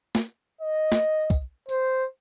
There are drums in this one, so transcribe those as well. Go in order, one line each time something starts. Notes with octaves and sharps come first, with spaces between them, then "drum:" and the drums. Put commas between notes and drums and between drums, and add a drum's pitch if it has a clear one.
drum: snare
D#5
drum: snare
drum: kick, tambourine
C5, drum: tambourine